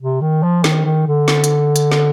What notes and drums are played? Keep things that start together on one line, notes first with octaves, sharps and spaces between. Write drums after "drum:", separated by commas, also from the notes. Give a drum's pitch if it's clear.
C3
D#3
F3
D#3, drum: snare
D#3
D3
drum: snare
drum: hi-hat
drum: hi-hat
drum: snare